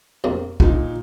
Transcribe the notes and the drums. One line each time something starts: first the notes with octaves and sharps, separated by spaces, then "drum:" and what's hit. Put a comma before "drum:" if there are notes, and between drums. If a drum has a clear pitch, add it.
A#1 F2 A#3
A#2 D#4, drum: kick